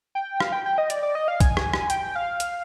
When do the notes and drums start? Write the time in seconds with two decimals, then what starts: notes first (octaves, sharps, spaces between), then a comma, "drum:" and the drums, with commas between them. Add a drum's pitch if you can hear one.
0.15 G5
0.40 F5, drum: rim click
0.52 G5
0.66 G5
0.78 D#5
0.90 D5, drum: hi-hat
1.03 D5
1.15 D#5
1.28 F5
1.40 G#5, drum: kick, hi-hat
1.57 drum: rim click
1.74 drum: rim click
1.90 G5, drum: hi-hat
2.16 F5
2.40 drum: hi-hat